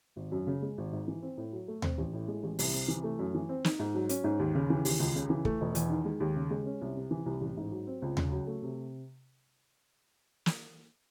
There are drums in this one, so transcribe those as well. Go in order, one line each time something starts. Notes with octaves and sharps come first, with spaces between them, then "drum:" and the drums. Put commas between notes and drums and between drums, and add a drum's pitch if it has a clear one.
G#1
F#2
C#3
G#3
G#1
G#2
E3
C4
A2
F#3
A3
C4, drum: tom D#2
A1
A2
G#3
A1
C2, drum: open hi-hat
C3
E3
A3
F#2
E3
C4
D#4, drum: snare
G#2
F#3
C#4, drum: hi-hat
G#2
D#2
C#3
E3
D#2, drum: open hi-hat
C#2
C#3
E3
A3, drum: kick
E1
E2, drum: hi-hat
D#3
G#3
D#2
C#3
G#3
C#4
C2
C3
E3
C2
A1
G#2
F#3
C4
C#2
C#3, drum: tom D#2
F#3
A3
C3
drum: snare